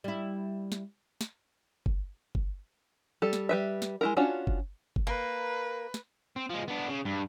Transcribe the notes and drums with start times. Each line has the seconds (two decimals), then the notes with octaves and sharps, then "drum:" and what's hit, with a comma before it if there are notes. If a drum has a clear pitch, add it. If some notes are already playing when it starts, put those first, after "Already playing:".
0.04 G3 E4
0.72 drum: snare
1.21 drum: snare
1.86 drum: kick G1
2.35 drum: kick G1
3.22 G3 A4
3.33 drum: snare
3.49 G3 B4 E5
3.82 drum: snare
4.01 G#3 E4 A#4
4.17 C#4 D4 F4 F#4 C#5
4.47 drum: kick G1
4.96 drum: kick G1
5.07 A#3 B4
5.94 drum: snare
6.36 C4
6.50 F3 G#3
6.68 B3 D4
6.89 C#3
7.05 G2